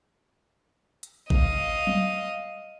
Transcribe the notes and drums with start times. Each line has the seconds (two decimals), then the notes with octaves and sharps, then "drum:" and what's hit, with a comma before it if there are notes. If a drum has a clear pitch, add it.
1.03 drum: hi-hat
1.30 D#5 F5, drum: kick G#1
1.87 drum: tom F#3